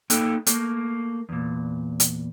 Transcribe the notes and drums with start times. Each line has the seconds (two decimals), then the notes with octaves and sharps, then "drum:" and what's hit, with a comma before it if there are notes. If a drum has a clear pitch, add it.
0.10 A#3 D#4 A4 G5, drum: hi-hat
0.46 A3 A#3, drum: hi-hat
1.29 E2 A#2
2.00 drum: hi-hat